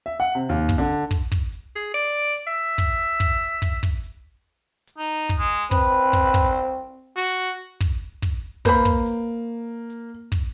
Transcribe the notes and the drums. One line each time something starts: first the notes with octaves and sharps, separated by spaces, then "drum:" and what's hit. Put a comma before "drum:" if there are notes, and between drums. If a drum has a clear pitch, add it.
E5
F#5
C3
D#2
drum: kick
D3
drum: kick, hi-hat
drum: kick
drum: hi-hat
G#4
D5
drum: hi-hat
E5
drum: kick, hi-hat
drum: kick, open hi-hat
drum: kick, hi-hat
drum: kick
drum: hi-hat
drum: hi-hat
D#4
drum: kick, hi-hat
G#3
C4 B4, drum: kick
drum: kick, hi-hat
drum: kick
drum: hi-hat
F#4
drum: hi-hat
drum: kick, hi-hat
drum: kick, open hi-hat
A#3 B4 C5 B5, drum: kick, hi-hat
drum: kick
drum: hi-hat
drum: hi-hat
drum: kick, hi-hat